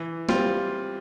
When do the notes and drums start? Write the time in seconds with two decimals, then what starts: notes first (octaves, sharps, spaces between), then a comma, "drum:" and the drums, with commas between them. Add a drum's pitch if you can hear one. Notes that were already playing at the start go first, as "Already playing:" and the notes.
Already playing: E3
0.29 G3 C4 F4, drum: snare